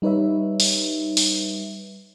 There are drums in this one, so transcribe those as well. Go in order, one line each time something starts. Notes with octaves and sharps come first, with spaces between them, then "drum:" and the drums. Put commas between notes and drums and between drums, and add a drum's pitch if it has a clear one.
G3 D#4 B4 C#5 E5
drum: open hi-hat
drum: open hi-hat